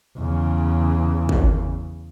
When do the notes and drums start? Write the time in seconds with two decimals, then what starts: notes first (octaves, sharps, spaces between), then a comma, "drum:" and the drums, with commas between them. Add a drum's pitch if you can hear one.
0.18 E2 C#3
1.29 drum: kick